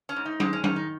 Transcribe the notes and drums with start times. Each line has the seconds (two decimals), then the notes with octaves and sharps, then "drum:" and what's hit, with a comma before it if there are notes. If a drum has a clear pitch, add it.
0.09 C#4
0.16 G#2
0.25 D#4
0.40 G#3 C4, drum: tom F#3
0.53 C#4
0.64 D#3 C#4, drum: tom F#3
0.76 D#4